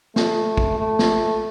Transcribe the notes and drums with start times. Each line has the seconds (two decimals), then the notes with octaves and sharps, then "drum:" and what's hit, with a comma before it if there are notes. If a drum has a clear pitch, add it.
0.16 A3, drum: snare
0.57 drum: kick
0.79 A3
0.99 drum: snare